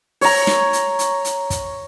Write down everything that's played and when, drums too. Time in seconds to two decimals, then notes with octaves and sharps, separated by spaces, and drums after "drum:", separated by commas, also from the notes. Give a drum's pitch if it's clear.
0.21 C#5 A#5, drum: open hi-hat
0.47 drum: snare
0.73 drum: hi-hat
0.99 drum: hi-hat
1.25 drum: hi-hat
1.50 drum: kick, hi-hat